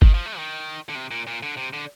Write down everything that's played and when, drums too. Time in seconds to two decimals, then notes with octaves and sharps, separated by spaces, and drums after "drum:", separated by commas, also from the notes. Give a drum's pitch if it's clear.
0.02 D#3, drum: kick G1
0.14 F3
0.26 A3
0.37 D#3
0.89 D3
0.95 C3
1.11 A#2
1.27 A#2
1.43 D3
1.57 C3
1.73 D3